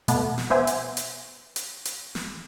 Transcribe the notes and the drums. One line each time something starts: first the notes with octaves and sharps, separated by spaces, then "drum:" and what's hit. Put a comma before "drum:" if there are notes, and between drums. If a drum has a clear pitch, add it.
B2 A3 B3, drum: hi-hat
drum: snare
B2 B3 C5 E5 G#5
drum: hi-hat
drum: hi-hat
drum: hi-hat
drum: hi-hat
drum: snare